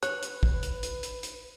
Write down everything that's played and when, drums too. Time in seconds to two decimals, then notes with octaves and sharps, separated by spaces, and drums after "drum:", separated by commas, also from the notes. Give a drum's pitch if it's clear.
0.03 B4 C#5 F#6, drum: hi-hat
0.23 drum: hi-hat
0.43 drum: kick
0.63 drum: hi-hat
0.83 drum: hi-hat
1.03 drum: hi-hat
1.23 drum: hi-hat